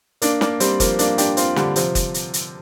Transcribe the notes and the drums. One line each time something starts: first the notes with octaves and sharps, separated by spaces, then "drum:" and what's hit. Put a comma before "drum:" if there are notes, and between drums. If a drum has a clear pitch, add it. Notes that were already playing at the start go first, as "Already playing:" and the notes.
A#3 D4, drum: hi-hat
A#3 D4, drum: snare
G3 C4, drum: hi-hat
F3 A#3, drum: kick F#1, hi-hat
A#3 D4, drum: hi-hat
D4 G4, drum: hi-hat
C4 F4, drum: hi-hat
D3 G3, drum: snare
C3 F3, drum: hi-hat
drum: kick F#1, hi-hat
drum: hi-hat
drum: hi-hat